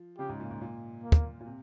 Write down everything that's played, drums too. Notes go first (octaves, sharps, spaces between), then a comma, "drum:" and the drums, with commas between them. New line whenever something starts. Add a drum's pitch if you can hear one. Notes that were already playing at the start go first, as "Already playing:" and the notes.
Already playing: F3
C#3 G4
G#2
A#2
G#2
A#2
A#3
drum: kick
A#2
C3